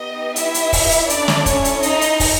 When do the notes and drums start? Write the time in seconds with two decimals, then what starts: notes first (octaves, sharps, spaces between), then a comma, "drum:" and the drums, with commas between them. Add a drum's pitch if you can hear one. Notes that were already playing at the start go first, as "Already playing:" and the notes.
Already playing: B3 D#4 G4 D#5
0.36 E4 E5, drum: hi-hat
0.54 drum: hi-hat
0.73 drum: kick, open hi-hat
0.91 drum: hi-hat
1.09 C#4 D4 E4 A4 D5, drum: hi-hat
1.28 drum: snare
1.46 C#4 C#5, drum: kick, hi-hat
1.65 drum: hi-hat
1.83 D#4 D#5, drum: hi-hat
2.01 drum: hi-hat
2.20 drum: kick, open hi-hat